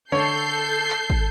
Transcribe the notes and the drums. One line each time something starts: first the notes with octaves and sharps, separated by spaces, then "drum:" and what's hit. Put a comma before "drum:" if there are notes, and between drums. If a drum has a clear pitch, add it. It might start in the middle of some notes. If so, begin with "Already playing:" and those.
D3 A4 C#5 G6 C7
drum: clap
drum: kick